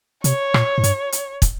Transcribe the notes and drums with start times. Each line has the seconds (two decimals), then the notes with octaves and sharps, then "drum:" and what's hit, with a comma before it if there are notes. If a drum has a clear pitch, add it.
0.24 C3 C#5, drum: hi-hat
0.54 A#2, drum: rim click
0.78 G#2
0.84 G2, drum: hi-hat
1.12 drum: hi-hat
1.42 drum: kick, hi-hat